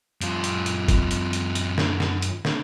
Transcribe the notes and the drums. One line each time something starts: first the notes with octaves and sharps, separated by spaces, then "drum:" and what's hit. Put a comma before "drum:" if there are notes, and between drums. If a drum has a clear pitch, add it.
F#2 F4, drum: hi-hat
drum: hi-hat
drum: hi-hat
drum: kick, hi-hat
drum: hi-hat
drum: hi-hat
drum: hi-hat
drum: snare
drum: snare
drum: hi-hat
drum: snare